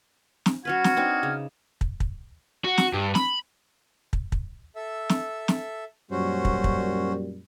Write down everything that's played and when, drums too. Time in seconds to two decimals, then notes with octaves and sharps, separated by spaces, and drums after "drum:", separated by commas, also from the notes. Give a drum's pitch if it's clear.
0.46 drum: snare
0.65 F#3 C#4 F#4 B4 F6 G#6
0.84 drum: snare
0.97 C4 D4 D#4
1.23 C#3
1.81 drum: kick
2.00 drum: kick
2.65 F#4
2.78 drum: snare
2.94 G2
3.15 B5, drum: snare
4.13 drum: kick
4.32 drum: kick
4.76 A4 E5
5.09 drum: snare
5.48 drum: snare
6.11 F#2 A#2 G3 C#4 F#4 C5
6.45 drum: kick
6.64 drum: kick